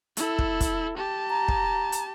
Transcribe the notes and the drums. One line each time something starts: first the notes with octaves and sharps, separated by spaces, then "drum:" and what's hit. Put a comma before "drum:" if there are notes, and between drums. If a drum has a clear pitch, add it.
E4 A4, drum: hi-hat
drum: kick
drum: kick, hi-hat
G4 A5
A#5
drum: kick
drum: hi-hat